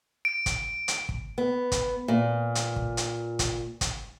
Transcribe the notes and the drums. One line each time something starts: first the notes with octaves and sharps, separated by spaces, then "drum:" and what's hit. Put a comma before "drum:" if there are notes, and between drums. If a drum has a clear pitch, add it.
D7
drum: kick, hi-hat
drum: hi-hat
drum: kick
B3
drum: kick, hi-hat
A#2
drum: hi-hat
drum: kick
drum: hi-hat
drum: kick, hi-hat
drum: kick, hi-hat